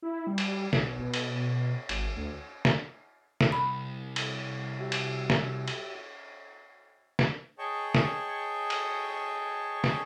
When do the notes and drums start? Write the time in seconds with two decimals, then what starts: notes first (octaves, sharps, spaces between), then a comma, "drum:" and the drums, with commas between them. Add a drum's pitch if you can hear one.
0.02 E4
0.27 G3
0.38 drum: cymbal
0.73 B1, drum: snare
0.99 B2
1.14 drum: cymbal
1.89 G#1, drum: cymbal
2.16 D2
2.65 drum: snare
3.41 drum: snare
3.52 C2 B5
4.16 drum: cymbal
4.79 F#4 G4 E5
4.92 drum: cymbal
5.30 drum: snare
5.68 drum: cymbal
7.19 drum: snare
7.58 G#4 C#5 D#5 G5 A5 C#6
7.95 drum: snare
8.70 drum: cymbal
9.84 drum: snare